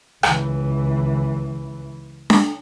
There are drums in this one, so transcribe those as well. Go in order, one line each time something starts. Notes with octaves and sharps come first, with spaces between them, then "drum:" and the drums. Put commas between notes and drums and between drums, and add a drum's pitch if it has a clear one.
C#2 E3, drum: rim click
drum: snare D4